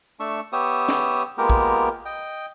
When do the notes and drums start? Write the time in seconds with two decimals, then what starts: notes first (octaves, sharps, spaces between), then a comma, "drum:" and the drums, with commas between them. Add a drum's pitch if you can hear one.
0.20 A3 D4 E5 C#6
0.53 B3 G4 C#5 E5 D#6
0.89 drum: snare
1.38 G#3 A#3 B3 F4 G4 A#4
1.50 drum: kick A#1
2.05 D#5 G5